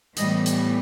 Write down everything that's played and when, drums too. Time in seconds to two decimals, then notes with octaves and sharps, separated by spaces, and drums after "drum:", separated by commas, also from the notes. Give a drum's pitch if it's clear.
0.17 A2 E3 G3 B3 D#5, drum: hi-hat
0.46 drum: hi-hat